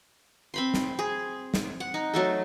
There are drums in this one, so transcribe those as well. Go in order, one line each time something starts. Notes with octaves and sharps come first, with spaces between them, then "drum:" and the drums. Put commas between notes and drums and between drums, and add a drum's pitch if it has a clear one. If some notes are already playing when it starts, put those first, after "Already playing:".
C4 B5 C6
drum: snare
G#4
drum: snare
F#5
D#4
F#3 A3 A4